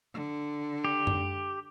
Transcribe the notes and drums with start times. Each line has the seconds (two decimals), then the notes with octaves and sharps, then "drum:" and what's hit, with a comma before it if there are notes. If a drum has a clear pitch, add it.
0.14 D3
0.85 G4
1.07 drum: tom F#2